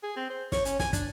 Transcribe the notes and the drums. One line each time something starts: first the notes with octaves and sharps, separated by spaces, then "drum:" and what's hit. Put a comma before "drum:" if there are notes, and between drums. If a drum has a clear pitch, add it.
G#4
C4
C5
C#5, drum: snare
C#4, drum: hi-hat
G#5, drum: snare
D4, drum: kick, hi-hat